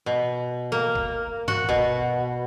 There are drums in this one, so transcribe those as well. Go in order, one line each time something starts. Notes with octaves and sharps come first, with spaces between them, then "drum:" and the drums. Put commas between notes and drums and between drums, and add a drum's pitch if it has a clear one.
B2
A#3
drum: kick
F#4, drum: tom G2
B2, drum: kick